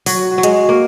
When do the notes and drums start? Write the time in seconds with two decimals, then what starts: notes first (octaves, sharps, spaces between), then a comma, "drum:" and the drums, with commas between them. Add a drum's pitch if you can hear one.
0.06 F#3 F#4, drum: open hi-hat
0.31 F#4
0.38 F#3
0.43 G#3, drum: hi-hat
0.54 F#4
0.69 A#3